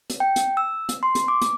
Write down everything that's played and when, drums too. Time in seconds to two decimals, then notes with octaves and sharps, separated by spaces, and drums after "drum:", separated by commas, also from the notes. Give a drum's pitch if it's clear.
0.10 drum: hi-hat
0.20 G5
0.36 drum: hi-hat
0.57 E6
0.89 drum: hi-hat
1.03 C6
1.15 drum: hi-hat
1.28 D6
1.41 drum: hi-hat